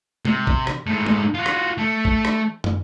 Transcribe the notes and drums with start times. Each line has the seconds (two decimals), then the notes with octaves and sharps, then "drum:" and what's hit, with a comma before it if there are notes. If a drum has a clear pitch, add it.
0.25 C3, drum: tom G#3
0.47 drum: kick
0.67 drum: rim click
0.87 G#2 A3
1.06 drum: tom G#3
1.34 F4 F#4
1.46 drum: rim click
1.78 A3
2.05 drum: kick
2.25 drum: rim click
2.64 drum: tom